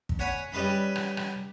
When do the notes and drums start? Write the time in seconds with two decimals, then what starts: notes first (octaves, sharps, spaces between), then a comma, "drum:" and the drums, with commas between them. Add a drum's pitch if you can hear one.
0.09 drum: kick
0.19 C#5 F#5 G#5 B5
0.52 G3 C#4 B4 D#5 B5
0.96 drum: rim click
1.17 drum: rim click